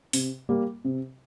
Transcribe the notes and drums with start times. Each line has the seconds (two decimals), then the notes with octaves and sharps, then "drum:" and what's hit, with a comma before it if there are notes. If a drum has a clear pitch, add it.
0.13 C3, drum: open hi-hat
0.49 G3 A#3
0.84 C3